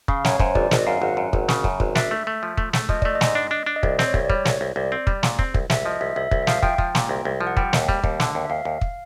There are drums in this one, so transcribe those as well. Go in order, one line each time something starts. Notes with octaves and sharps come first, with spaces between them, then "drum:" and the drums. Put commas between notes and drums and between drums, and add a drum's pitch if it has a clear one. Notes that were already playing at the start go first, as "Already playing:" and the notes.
C#3 F5, drum: kick
F#2 C#5, drum: snare
F#2 C5, drum: kick
G#1 D5, drum: kick
G#1 D#5, drum: snare
F#2 F5
G#1 F#5
F#2
G#1, drum: kick
C#3, drum: snare
F#2, drum: kick
G#1, drum: kick
D4 E5, drum: snare
A3
A3
F3
A3, drum: kick
A3, drum: snare
F3 D#5, drum: kick
A3 D5, drum: kick
D#5
G#2, drum: snare
D4
D4
D4
D#5
C2 D5, drum: kick
C4, drum: snare
C#5
C2, drum: kick
D5
G3 C#5, drum: kick
C2, drum: snare
C2
C2 D5
C4
G3, drum: kick
A#2, drum: snare
C4, drum: kick
C2, drum: kick
C2 E5, drum: snare
F3 D#5
C2 E5
C2 E5
C2 E5, drum: kick
E5
F3 F5, drum: snare
F3 G5, drum: kick
F3, drum: kick
A#2, drum: snare
C2
C2
F3
F#5
G3 G5, drum: kick
D#2, drum: snare
G3, drum: kick
D#2, drum: kick
D3, drum: snare
D#2
E5
D#2 F5
D#2
drum: kick